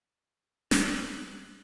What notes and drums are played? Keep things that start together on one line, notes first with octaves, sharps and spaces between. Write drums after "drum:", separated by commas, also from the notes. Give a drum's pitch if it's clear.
E6 F#6 B6, drum: snare